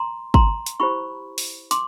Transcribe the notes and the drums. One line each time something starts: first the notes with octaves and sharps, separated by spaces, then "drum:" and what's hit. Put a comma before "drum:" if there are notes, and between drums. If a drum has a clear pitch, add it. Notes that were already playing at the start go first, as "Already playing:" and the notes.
Already playing: A#5 C6
A#5 C6, drum: kick
drum: hi-hat
E4 G4 C5 B5 C#6
drum: open hi-hat
C6 D6, drum: hi-hat